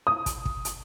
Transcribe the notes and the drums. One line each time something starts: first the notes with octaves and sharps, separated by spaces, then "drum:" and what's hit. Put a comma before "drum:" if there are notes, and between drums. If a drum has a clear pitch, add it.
D#6
drum: kick, hi-hat
drum: kick
drum: hi-hat